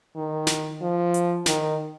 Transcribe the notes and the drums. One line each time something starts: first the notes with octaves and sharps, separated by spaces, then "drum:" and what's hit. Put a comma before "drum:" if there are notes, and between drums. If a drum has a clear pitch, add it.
D#3
drum: snare
F3
drum: hi-hat
D#3, drum: snare